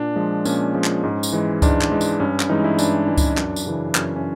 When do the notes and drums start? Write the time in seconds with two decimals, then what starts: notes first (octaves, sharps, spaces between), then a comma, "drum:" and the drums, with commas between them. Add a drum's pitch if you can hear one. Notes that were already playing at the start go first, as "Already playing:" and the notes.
Already playing: A#2 D4
0.16 F3 G#3
0.45 A#2 C#4, drum: tambourine
0.75 F3 G#3
0.84 drum: clap
1.04 G#2
1.23 drum: tambourine
1.32 E3 G#3
1.62 G#2 D4, drum: kick C#2, tambourine
1.81 drum: clap
1.92 E3 G#3
2.01 drum: tambourine
2.20 G2 C#4
2.40 drum: clap
2.49 E3 G#3 D#4
2.64 E4
2.79 G2 D4, drum: tambourine
3.08 E3 G#3
3.17 drum: kick C#2, tambourine
3.37 F#2, drum: clap
3.56 drum: tambourine
3.66 C#3 E3
3.95 F#2 C#4, drum: clap
4.16 C#4